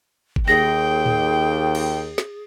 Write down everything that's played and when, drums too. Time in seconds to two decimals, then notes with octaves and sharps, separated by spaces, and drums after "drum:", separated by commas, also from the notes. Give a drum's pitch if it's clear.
0.36 drum: kick G1
0.48 D#2 G#4 G5 A#6
1.06 drum: tom A2
1.75 drum: cymbal
2.18 drum: snare